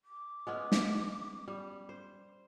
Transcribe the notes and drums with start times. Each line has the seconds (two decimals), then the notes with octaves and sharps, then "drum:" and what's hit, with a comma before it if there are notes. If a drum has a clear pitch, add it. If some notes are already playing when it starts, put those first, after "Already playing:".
0.05 D6
0.47 G#3 B3 C#4
0.72 drum: snare
1.48 G3
1.89 C5